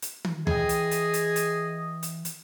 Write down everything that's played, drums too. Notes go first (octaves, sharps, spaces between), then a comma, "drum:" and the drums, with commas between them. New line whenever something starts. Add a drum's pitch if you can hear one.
drum: hi-hat
drum: tom
E3 G#4 D#5 G5, drum: tom D2
drum: hi-hat
drum: hi-hat
drum: hi-hat
drum: hi-hat
drum: hi-hat
drum: hi-hat